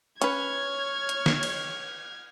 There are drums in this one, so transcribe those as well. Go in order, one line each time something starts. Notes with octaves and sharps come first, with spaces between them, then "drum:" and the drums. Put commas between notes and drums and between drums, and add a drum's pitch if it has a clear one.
C#4 B4 C#5 F6 G#6, drum: hi-hat
drum: hi-hat
drum: snare
drum: cymbal